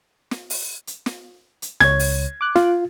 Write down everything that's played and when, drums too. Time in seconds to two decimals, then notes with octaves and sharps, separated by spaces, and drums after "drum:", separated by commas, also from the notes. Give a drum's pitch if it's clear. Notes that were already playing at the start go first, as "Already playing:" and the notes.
0.31 drum: snare
0.50 drum: open hi-hat
0.87 drum: hi-hat
1.06 drum: snare
1.62 drum: hi-hat
1.80 C#2 C#5 G#6, drum: snare
1.99 drum: open hi-hat
2.41 D6 F#6
2.56 F4, drum: snare